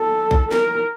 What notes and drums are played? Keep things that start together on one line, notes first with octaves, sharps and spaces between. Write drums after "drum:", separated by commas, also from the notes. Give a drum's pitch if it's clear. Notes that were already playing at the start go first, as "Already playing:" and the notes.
Already playing: A4
drum: kick
A#4, drum: snare